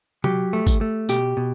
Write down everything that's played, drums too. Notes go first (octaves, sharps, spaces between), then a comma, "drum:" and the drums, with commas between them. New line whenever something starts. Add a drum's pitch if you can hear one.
F#3 G4, drum: tom C3
A3
drum: kick G#1, tambourine
A3
B2 G4, drum: tambourine
B2